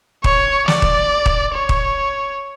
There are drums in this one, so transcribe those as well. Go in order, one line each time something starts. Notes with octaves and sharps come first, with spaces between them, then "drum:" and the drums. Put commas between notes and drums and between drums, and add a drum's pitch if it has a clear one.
C#5, drum: kick D#1
D5, drum: snare
drum: kick D#1
drum: kick D#1
C#5
drum: kick D#1